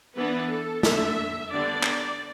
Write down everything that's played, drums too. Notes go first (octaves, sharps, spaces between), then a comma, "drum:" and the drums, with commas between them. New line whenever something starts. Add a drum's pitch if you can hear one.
E3 B3 D4 B4
A4
D3 A3 D4 E5, drum: snare
D3 G3 B3 D4 D5
drum: clap